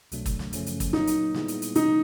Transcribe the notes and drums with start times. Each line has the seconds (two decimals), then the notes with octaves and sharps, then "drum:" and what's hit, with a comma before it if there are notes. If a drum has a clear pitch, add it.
0.12 C2 B2 F#3 A3 D4, drum: hi-hat
0.26 drum: kick, hi-hat
0.39 drum: snare
0.53 F#2 C#3 F3 A3 C#4, drum: hi-hat
0.66 drum: hi-hat
0.80 drum: kick, hi-hat
0.93 A#2 F#3 A#3 D#4, drum: snare
1.07 drum: hi-hat
1.34 A#2 G3 B3 E4 G#4, drum: snare
1.48 drum: hi-hat
1.62 drum: hi-hat
1.75 C3 E3 A3 C#4 D#4, drum: hi-hat